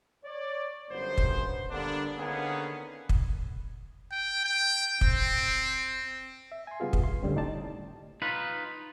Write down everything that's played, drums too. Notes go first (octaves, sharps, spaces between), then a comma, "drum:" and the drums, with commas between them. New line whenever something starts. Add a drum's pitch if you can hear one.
C#5 D5
G1 F#2 B3 C5
drum: kick
D3 G3 A#3 B3 D4
D3 D#3 A#3 B3 C#4 G#4
drum: kick
G5
G5
C4, drum: kick
E5
G#5 C6
C#3 G3 B3 F4 G#4
drum: kick
C6
D2 D3 G3 C4 C#4
A2 D#4 D5 A5
D#4 F4 B4